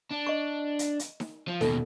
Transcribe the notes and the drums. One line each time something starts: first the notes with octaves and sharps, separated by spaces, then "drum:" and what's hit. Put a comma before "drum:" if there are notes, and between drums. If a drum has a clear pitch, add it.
D4
D#5 C#6
drum: hi-hat
drum: hi-hat
drum: snare D#4
F3
D#2 B2 A4, drum: snare D#4